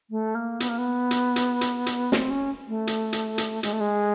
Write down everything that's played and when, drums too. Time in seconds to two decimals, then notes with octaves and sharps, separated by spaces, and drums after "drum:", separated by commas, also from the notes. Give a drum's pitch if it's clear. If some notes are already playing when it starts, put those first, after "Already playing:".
0.10 A3
0.35 A#3
0.60 B3, drum: hi-hat
0.69 A#3
0.78 B3
1.11 drum: hi-hat
1.36 drum: hi-hat
1.61 drum: hi-hat
1.86 drum: hi-hat
2.12 C4, drum: snare
2.30 C#4
2.68 A3
2.87 drum: hi-hat
3.13 drum: hi-hat
3.38 drum: hi-hat
3.63 G#3, drum: hi-hat
3.73 A3
3.80 G#3